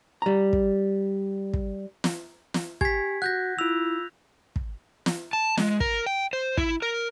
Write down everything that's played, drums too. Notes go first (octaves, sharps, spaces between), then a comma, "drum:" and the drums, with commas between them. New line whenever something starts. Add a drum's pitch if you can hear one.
G3 A#5
drum: kick
drum: kick
drum: snare
drum: snare
G4 G#5 G#6 B6, drum: kick
F#4 F#5 F#6 G6 A#6
E4 F4 E6 F7
drum: kick
drum: snare
A5
G#3, drum: snare
A#4, drum: kick
G5
C5
E4, drum: kick
A#4